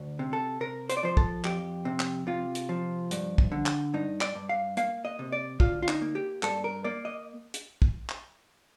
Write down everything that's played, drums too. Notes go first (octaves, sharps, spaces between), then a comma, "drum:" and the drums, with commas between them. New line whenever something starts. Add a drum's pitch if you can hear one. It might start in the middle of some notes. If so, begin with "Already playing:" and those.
Already playing: D2
C3
A4
C3 A#4
C5, drum: hi-hat
D5
F3 C5
A4, drum: kick
F2 G4, drum: clap
C3
drum: clap
C3 F4
drum: hi-hat
F3
G2, drum: hi-hat
drum: kick
D3
drum: clap
G2 D#4
D5, drum: clap
G2
F5
A#3 F5, drum: hi-hat
D#5
C3
D5
D2 F4, drum: kick
F4
D#4, drum: clap
A#3
G4
G2 A4, drum: clap
A#4
A#3 D5
D#5
drum: hi-hat
drum: kick
drum: clap